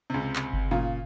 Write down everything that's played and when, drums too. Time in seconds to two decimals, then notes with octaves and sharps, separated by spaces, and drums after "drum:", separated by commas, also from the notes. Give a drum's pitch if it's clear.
0.10 C#2 C3
0.36 drum: clap
0.53 drum: kick G1
0.71 A#2 C#3